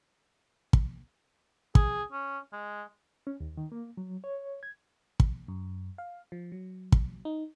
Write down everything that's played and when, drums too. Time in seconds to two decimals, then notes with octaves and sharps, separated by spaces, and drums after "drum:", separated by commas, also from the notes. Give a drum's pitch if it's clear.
0.73 drum: kick
1.75 G#4, drum: kick
2.12 C#4
2.52 G#3
3.27 C#4
3.40 D#2
3.57 D#3
3.72 A#3
3.97 F#3
4.24 C#5
4.63 G#6
5.20 drum: kick
5.48 F#2
5.98 F5
6.32 F3
6.52 F#3
6.92 drum: kick
7.25 D#4